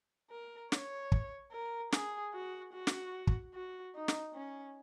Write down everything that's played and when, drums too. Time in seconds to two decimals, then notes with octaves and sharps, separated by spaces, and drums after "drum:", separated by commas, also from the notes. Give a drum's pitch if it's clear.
0.30 A#4
0.72 C#5, drum: snare
1.12 drum: kick
1.52 A#4
1.92 G#4, drum: snare
2.33 F#4
2.73 F#4
2.87 drum: snare
3.27 drum: kick
3.54 F#4
3.95 D#4
4.08 drum: snare
4.34 C#4